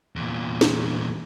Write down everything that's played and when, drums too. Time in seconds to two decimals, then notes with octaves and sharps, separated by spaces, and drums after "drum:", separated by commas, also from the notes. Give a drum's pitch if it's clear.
0.16 E2 A#2
0.61 drum: snare